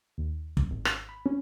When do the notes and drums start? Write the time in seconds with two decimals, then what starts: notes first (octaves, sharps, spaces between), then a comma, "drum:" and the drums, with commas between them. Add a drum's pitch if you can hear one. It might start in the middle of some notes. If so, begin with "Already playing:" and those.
0.18 D#2
0.57 drum: kick
0.71 G#1
0.85 drum: rim click
1.09 B5
1.26 C#4